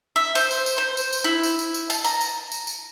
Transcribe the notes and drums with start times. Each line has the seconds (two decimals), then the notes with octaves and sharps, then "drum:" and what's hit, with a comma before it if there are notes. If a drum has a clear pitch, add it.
0.16 E5
0.35 C5, drum: tambourine
0.51 drum: tambourine
0.66 drum: tambourine
0.78 C5
0.97 drum: tambourine
1.13 drum: tambourine
1.24 E4
1.43 drum: tambourine
1.59 drum: tambourine
1.74 drum: tambourine
1.90 A5, drum: tambourine
2.04 A#5, drum: tambourine
2.21 drum: tambourine
2.52 drum: tambourine
2.67 drum: tambourine